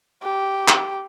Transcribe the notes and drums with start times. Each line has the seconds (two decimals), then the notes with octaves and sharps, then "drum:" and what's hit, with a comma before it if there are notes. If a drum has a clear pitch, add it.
0.23 G4
0.68 drum: clap